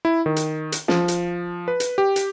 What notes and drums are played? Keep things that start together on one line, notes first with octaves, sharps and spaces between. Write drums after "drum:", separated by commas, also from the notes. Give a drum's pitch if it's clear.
E4
D#3
drum: hi-hat
drum: hi-hat
F3, drum: snare
drum: hi-hat
B4
drum: hi-hat
G4
drum: hi-hat